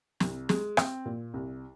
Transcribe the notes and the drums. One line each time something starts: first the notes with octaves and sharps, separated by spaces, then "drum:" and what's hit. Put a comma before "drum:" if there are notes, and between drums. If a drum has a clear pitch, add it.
C2, drum: snare
G#3, drum: snare
C4, drum: rim click
A#2
C2